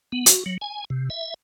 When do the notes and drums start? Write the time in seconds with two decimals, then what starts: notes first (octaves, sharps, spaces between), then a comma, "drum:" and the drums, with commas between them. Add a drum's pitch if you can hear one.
0.12 B3
0.26 F#4, drum: hi-hat
0.46 F#3
0.62 G#5
0.90 C3
1.10 E5